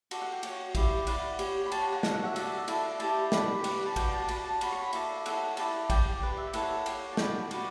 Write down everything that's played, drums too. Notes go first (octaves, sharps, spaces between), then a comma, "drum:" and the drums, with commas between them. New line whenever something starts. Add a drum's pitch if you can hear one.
F#4 A4 D5 C#6, drum: cymbal
F#5
G5
F#4 C#5, drum: cymbal
E4 G4 D5, drum: kick, cymbal
E4 B4 D5 F#5, drum: cymbal
G4 C#5, drum: cymbal
B5
G4 C#5 A5, drum: cymbal
F#5
F#5
F#4 A4 C#5 F#5, drum: snare
F#5
E5
F#4 A4 D5 F#5, drum: cymbal
E5
F#5
E4 A4 D5, drum: cymbal
E4 G4 D5 A5, drum: cymbal
G4 B4 D5 B5, drum: snare
G4 B4 D5 C#6, drum: cymbal
B5
A5
F#4 B4 D5 G5, drum: kick, cymbal
A5
F#4 B4 D5 A5, drum: cymbal
A5
F#4 C#5 B5, drum: cymbal
C#6
B5
E4 A4 D5, drum: cymbal
E4 A4 C#5 F#5, drum: cymbal
E4 G4 B4 D5 A5, drum: cymbal
G4 D5 G5, drum: kick, cymbal
G4 B4 D5
E5
E4 A4 C#5 F#5, drum: cymbal
G4 C#5, drum: cymbal
A5
F#4 B4 D5 G5, drum: snare
F#4 B4 D5, drum: cymbal